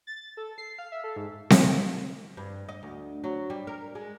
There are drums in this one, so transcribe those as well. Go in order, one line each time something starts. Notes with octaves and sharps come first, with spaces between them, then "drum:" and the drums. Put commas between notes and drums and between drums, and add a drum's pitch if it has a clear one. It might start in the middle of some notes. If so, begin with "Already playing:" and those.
A6
A4
C7
F5
E5
A4
G#2
drum: snare C4
G2
D#5
D2
F#3
G3
A#4
G#3